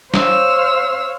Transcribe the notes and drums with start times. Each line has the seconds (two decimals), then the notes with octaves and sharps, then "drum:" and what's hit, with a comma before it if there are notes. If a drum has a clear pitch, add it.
0.14 C5 C#5 F5 E6 F6, drum: snare